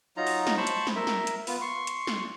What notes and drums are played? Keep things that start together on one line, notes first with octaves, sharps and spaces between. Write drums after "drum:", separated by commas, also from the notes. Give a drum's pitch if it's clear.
F#3 D#4 F4 A#5
drum: open hi-hat
drum: snare
C5 A5 B5 C#6
drum: hi-hat
drum: snare
A#4 E5
drum: snare
drum: hi-hat
B3 F4 B4, drum: open hi-hat
C6 C#6
drum: hi-hat
drum: snare